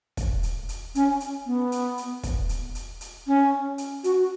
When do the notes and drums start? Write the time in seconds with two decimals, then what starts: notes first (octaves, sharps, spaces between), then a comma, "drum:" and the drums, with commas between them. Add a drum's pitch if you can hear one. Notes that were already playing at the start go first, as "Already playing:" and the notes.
0.17 drum: kick, hi-hat
0.43 drum: hi-hat
0.69 drum: hi-hat
0.95 C#4, drum: hi-hat
1.20 drum: hi-hat
1.46 B3
1.72 drum: hi-hat
1.98 drum: hi-hat
2.23 drum: kick, hi-hat
2.49 drum: hi-hat
2.75 drum: hi-hat
3.01 drum: hi-hat
3.27 C#4
3.78 drum: hi-hat
4.04 F#4, drum: hi-hat